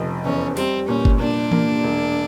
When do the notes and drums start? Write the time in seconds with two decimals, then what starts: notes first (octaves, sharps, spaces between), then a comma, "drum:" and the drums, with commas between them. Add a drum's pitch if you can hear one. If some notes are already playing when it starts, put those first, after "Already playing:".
Already playing: F1 F3
0.25 E2 C#4
0.57 G3 C4, drum: open hi-hat
0.88 A#2 C#4
1.05 drum: kick G1
1.20 A#2 D4
1.52 A#3, drum: tom E3
1.84 E1